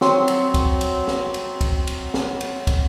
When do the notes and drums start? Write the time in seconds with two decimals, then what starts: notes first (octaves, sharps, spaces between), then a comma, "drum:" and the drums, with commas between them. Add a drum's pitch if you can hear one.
0.01 F#3 C4, drum: snare
0.28 drum: cymbal
0.54 drum: kick, cymbal
0.81 drum: cymbal
1.08 drum: snare
1.34 drum: cymbal
1.61 drum: kick, cymbal
1.87 drum: cymbal
2.14 drum: snare
2.41 drum: cymbal
2.67 drum: kick, cymbal